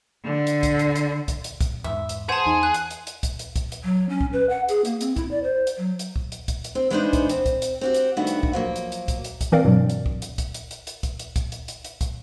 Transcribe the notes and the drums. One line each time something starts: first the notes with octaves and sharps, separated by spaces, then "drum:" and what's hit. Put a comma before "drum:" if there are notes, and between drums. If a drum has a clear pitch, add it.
D3
drum: hi-hat
drum: kick, hi-hat
drum: hi-hat
drum: hi-hat
drum: kick, hi-hat
drum: hi-hat
drum: kick, hi-hat
E2 G#2 E5
drum: hi-hat
G#4 C5 F#5 A5
E2 D#4
F#6
drum: hi-hat
drum: hi-hat
drum: hi-hat
drum: kick, hi-hat
drum: hi-hat
drum: kick, hi-hat
drum: hi-hat
F#3
C#4
drum: kick
B4
F#5
G#4, drum: hi-hat
A#3, drum: hi-hat
C4, drum: hi-hat
E4, drum: kick, hi-hat
D5
C5
drum: hi-hat
F#3
drum: hi-hat
drum: kick
drum: hi-hat
drum: kick, hi-hat
drum: hi-hat
C4
E3 G#3 B3 D4 D#4 C5
drum: kick, hi-hat
C4, drum: hi-hat
drum: kick, hi-hat
drum: hi-hat
C4 F#4 G4
drum: hi-hat
G2 D#3 A3 B3 E4 F#4
drum: hi-hat
drum: kick
F3 F#3 A#3
drum: hi-hat
drum: hi-hat
drum: kick, hi-hat
drum: hi-hat
drum: kick, hi-hat
E3 C4 A#4 D5 F5
G2 B2 F#3
drum: hi-hat
drum: kick
drum: hi-hat
drum: kick, hi-hat
drum: hi-hat
drum: hi-hat
drum: hi-hat
drum: kick, hi-hat
drum: hi-hat
drum: kick, hi-hat
drum: hi-hat
drum: hi-hat
drum: hi-hat
drum: kick, hi-hat